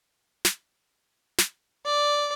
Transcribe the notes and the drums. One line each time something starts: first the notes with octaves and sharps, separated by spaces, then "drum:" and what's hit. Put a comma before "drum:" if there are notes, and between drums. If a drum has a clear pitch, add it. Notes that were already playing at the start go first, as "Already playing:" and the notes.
drum: snare
drum: snare
D5